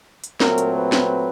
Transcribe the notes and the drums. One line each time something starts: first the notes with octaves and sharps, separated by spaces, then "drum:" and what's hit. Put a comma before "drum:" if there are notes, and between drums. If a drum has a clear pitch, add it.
drum: hi-hat
A#2 F#3 A3 C4 A#4, drum: snare
drum: hi-hat
B4
drum: snare